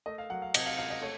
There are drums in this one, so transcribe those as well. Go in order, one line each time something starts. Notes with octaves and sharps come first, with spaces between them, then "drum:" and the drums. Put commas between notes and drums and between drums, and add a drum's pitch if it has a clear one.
A3 D#5
F5
F#3 F#5
F5
C3 D#5, drum: cymbal
F5
C#2 F5
D#5
A3 C#5